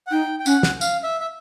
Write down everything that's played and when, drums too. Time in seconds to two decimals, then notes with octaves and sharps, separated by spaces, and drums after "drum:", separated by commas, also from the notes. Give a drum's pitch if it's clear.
0.07 F#5
0.11 D#4 G5
0.39 G5
0.46 C#4 F#5, drum: tambourine
0.63 drum: snare
0.81 F5, drum: tambourine
1.03 E5
1.21 E5